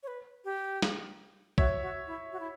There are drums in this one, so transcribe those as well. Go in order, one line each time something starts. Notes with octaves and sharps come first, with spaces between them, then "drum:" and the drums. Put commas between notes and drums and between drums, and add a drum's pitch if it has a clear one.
C#5
B4
G4
drum: snare
F#4 C#5 E5, drum: kick
F#4
E4
F#4
E4